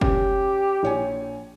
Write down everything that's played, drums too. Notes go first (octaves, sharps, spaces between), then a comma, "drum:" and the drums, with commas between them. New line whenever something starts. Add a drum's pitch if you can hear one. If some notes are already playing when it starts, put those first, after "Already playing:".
C#4 G4, drum: kick F#1
A#1 C#5 G#5